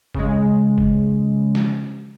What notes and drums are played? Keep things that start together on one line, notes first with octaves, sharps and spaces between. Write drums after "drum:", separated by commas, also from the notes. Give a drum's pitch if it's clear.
C#3 G#3, drum: kick G1
drum: kick G1
drum: snare